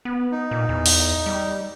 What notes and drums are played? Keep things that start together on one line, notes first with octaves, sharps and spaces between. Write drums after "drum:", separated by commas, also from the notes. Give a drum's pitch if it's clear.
B3
D#4
A#2
E2
drum: open hi-hat
G3